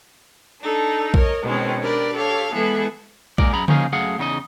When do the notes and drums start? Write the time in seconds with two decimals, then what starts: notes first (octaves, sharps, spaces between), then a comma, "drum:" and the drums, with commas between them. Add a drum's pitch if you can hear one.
0.61 D4 D#4 A4
1.14 A#4 C#5 D#5, drum: kick A#1
1.43 B2 D#3 G#3 C4 C#4
1.81 D4 G4 A#4 B4 D5
2.15 G4 A4 C#5 F5
2.53 E3 G#3 B3 G#4 A4
3.38 A#2 G#3 A#4 D5, drum: kick A#1
3.53 F#2 G#4 A#5 B5
3.68 F3 A#3 C#4 D#4 G#4 F5, drum: tom C#3
3.93 F#2 A3 G#4 F5 F#5
4.18 E2 C#3 D#4 D#5